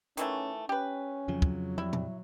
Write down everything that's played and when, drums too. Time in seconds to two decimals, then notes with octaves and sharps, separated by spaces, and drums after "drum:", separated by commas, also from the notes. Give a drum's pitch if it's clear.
0.17 D#3 E3 A3 C#4, drum: hi-hat
0.69 C#4 G4 B4
1.28 F2 C#3 F3 F#3
1.42 drum: kick
1.78 F2 G3 E4
1.93 drum: tom A#2